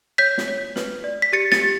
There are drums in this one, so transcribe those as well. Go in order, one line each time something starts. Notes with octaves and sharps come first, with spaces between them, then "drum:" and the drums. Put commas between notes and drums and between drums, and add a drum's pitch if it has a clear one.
C#5 G6 B6
drum: snare
C#5
B4, drum: snare
D5
B6
G4 A6 C#7
A6 C#7, drum: snare
G4